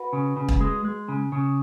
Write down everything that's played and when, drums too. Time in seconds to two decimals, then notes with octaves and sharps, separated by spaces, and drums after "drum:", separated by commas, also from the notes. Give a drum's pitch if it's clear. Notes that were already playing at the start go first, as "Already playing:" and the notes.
Already playing: F#4 B4
0.13 C#3
0.36 C#3
0.49 drum: kick
0.60 G#3
0.85 G#3
1.09 C#3
1.32 C#3